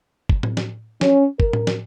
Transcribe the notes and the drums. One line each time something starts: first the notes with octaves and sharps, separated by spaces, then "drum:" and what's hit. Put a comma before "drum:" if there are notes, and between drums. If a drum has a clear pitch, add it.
drum: kick
drum: tom A2
drum: snare
C#4, drum: snare
A#4, drum: kick
drum: tom A2
drum: snare